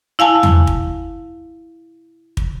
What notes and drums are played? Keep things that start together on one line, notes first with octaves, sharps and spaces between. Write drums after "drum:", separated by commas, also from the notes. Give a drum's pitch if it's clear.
E4 F5 G#5 A5
drum: tom
drum: kick
drum: kick